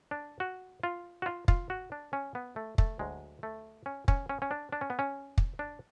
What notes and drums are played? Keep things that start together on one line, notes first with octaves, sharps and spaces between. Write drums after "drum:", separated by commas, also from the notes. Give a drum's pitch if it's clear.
D4
F#4
F4
F#4
F4
F4, drum: kick
F#4
D4
C#4
B3
A3
A3, drum: kick
D2 D3 F#3 G#3
A3
C#4
C#4, drum: kick
C#4
C#4
D4
D4
C#4
B3
C#4
drum: kick
D4